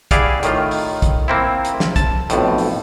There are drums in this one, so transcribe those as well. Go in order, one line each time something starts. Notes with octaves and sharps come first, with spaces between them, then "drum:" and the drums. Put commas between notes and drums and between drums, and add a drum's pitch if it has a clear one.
E4 G4 G#4 D5 F5 F#5, drum: kick, hi-hat
A2 D#3 F4, drum: hi-hat
drum: open hi-hat
drum: kick, hi-hat
A#3 C4 E4
drum: hi-hat
drum: snare
A5, drum: kick, hi-hat
B1 F2 A2, drum: hi-hat
drum: open hi-hat